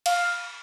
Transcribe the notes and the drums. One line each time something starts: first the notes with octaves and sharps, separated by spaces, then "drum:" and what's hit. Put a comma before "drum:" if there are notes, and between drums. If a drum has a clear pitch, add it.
F5, drum: cymbal